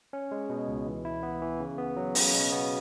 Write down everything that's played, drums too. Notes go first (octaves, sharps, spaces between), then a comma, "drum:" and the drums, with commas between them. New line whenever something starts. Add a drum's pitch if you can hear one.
C#4
G#3
B2
C#2
E3
E4
B3
E3
C#3
B3
F#3
C#3, drum: open hi-hat
B2
B3